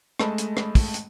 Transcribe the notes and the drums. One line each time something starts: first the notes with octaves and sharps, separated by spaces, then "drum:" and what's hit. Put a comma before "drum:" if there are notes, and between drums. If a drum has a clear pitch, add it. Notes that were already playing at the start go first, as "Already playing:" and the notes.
G#3 A3 D#5 A5 B5, drum: rim click
drum: hi-hat
drum: rim click
drum: kick, open hi-hat
drum: hi-hat